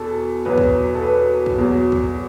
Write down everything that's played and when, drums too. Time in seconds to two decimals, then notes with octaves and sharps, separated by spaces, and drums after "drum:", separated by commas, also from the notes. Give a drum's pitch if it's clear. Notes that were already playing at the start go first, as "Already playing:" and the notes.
Already playing: E2 B2 A4
0.45 E2 B2 F#3 B4
0.58 drum: kick
0.95 A4
1.02 B4
1.46 drum: kick
1.58 E2 B2 F#3
1.92 drum: kick